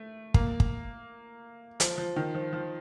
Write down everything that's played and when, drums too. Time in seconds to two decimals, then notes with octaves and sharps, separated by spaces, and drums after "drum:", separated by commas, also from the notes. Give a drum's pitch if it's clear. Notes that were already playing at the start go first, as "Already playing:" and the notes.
Already playing: A3
0.34 A#3, drum: kick
0.60 drum: kick
1.80 F3, drum: hi-hat
1.98 F3
2.16 D#3
2.35 F3
2.53 F3